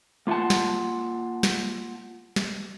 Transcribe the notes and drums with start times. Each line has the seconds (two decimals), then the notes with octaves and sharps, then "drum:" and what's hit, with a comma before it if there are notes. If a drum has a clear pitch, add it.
0.27 A#3 F4 F5 F#5 A5
0.50 drum: snare
1.43 drum: snare
2.36 drum: snare